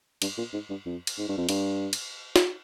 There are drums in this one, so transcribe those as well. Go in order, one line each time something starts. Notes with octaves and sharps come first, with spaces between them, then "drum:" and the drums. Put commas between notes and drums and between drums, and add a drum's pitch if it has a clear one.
G2, drum: cymbal
A#2
G#2
G2
F2
drum: cymbal
G#2
G2
F2
G2, drum: cymbal
drum: cymbal
drum: snare F#4